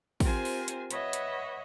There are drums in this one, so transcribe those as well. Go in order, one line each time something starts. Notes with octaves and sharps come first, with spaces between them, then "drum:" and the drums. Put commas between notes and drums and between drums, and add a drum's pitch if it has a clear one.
C4 F4 G4 A#4 C5 G#5, drum: kick, open hi-hat
drum: open hi-hat
drum: hi-hat
B4 C#5 D#5 E5 F#5, drum: hi-hat
drum: hi-hat